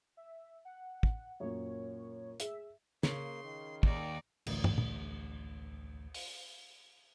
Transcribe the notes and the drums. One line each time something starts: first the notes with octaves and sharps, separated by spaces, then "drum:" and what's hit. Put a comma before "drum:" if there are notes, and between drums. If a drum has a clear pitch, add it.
E5
F#5
drum: kick
F#2 A#2 C#5
G#4 E5, drum: hi-hat
C#3 A#3 C6, drum: snare
D#3
D#2 D#4 D5, drum: kick
A1 D2, drum: cymbal
drum: tom
drum: tom
drum: open hi-hat